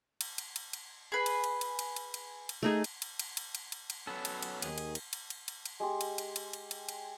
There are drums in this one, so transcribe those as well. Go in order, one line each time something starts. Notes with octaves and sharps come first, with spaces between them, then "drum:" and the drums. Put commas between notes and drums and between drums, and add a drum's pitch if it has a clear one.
drum: cymbal
drum: cymbal
drum: cymbal
drum: cymbal
G#4 B4
drum: cymbal
drum: cymbal
drum: cymbal
drum: cymbal
drum: cymbal
drum: cymbal
drum: cymbal
A3 D#4 G#4
drum: cymbal
drum: cymbal
drum: cymbal
drum: cymbal
drum: cymbal
drum: cymbal
drum: cymbal
F#3 B3 C#4 A4
drum: cymbal
drum: cymbal
D#2 D#3 G#4, drum: cymbal
drum: cymbal
drum: cymbal
drum: cymbal
drum: cymbal
drum: cymbal
drum: cymbal
G#3 G4 C6
drum: cymbal
drum: cymbal
drum: cymbal
drum: cymbal
drum: cymbal
drum: cymbal